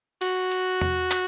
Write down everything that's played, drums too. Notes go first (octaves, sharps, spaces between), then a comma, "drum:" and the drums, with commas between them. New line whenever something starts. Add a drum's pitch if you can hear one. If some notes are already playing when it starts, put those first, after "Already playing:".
F#4, drum: cymbal
drum: cymbal
drum: tom E2
drum: clap